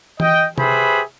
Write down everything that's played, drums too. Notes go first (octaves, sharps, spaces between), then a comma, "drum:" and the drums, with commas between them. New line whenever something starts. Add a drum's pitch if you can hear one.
D#5 G5, drum: tom E3
G4 G#4 B4 C5 E5 B5, drum: tom C3